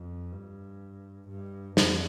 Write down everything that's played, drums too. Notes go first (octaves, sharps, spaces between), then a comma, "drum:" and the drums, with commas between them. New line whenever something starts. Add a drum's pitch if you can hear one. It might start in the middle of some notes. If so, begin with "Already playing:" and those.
Already playing: F2
G2
G2
F2, drum: snare